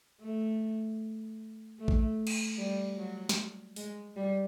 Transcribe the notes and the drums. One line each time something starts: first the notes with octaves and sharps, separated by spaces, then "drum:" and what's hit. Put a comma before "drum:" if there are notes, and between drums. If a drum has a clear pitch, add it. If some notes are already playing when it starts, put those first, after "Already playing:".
A3
A3
drum: kick A1
drum: cymbal
G3
F#3
drum: snare
G#3, drum: open hi-hat
G3